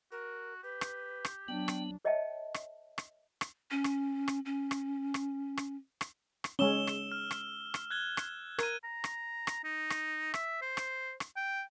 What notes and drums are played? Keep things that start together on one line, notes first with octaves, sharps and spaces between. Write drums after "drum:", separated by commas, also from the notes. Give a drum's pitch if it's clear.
F#4 A#4
G4 B4
drum: rim click
drum: rim click
F#3 B3 D4 G5
drum: rim click
A#4 C#5 D#5 E5 G5 A5
drum: rim click
drum: rim click
drum: rim click
C#4
drum: rim click
drum: rim click
C#4
drum: rim click
drum: rim click
drum: rim click
drum: rim click
drum: rim click
G#3 C#4 E6 E7 G7
drum: rim click
F6
drum: rim click
drum: rim click
F#6 G#6 G7
drum: rim click
A#4 G#6 D#7, drum: rim click
A#5
drum: rim click
drum: rim click
D#4
drum: rim click
E5, drum: rim click
C5
drum: rim click
drum: rim click
G5